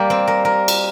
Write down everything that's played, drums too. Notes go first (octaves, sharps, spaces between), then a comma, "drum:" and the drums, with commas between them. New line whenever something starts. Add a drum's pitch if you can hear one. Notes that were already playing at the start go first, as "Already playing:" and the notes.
Already playing: G3 A#3
C4
A#4
A#4
drum: cymbal